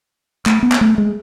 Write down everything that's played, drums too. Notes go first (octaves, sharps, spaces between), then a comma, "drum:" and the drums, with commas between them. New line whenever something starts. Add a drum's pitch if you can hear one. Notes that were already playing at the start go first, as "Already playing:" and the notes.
A3, drum: clap
B3
drum: clap
A3
G#3